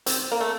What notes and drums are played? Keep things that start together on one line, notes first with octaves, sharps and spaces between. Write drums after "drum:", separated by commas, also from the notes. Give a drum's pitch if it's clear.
C4, drum: hi-hat
A#3
A3